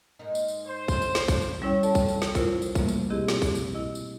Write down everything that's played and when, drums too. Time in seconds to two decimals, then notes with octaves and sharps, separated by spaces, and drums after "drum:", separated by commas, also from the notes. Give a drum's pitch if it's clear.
0.19 G#2 A#3 D#4
0.35 drum: tambourine
0.48 drum: tambourine
0.67 C5
0.88 drum: kick, tambourine
1.02 drum: tambourine
1.15 drum: snare
1.28 drum: kick, tambourine
1.42 drum: tambourine
1.62 G3 C#4 E4 C#5 G5
1.83 A4 C#5 D5 G5 A5, drum: tambourine
1.95 drum: kick, tambourine
2.08 drum: tambourine
2.22 drum: snare
2.35 C#4 E4 F4 A#4 C5, drum: kick, tambourine
2.62 drum: tambourine
2.75 C3 E3 G3 A3 A#3, drum: kick, tambourine
2.88 drum: tambourine
3.10 B2 C4 E4 G4 G#4 D#5
3.28 drum: snare
3.42 drum: kick, tambourine
3.55 drum: tambourine
3.74 E4 D#5
3.95 drum: tambourine